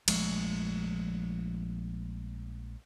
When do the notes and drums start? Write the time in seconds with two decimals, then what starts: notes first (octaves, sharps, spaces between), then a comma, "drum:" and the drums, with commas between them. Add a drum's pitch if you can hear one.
0.08 A#1 F3 G#3 A3, drum: cymbal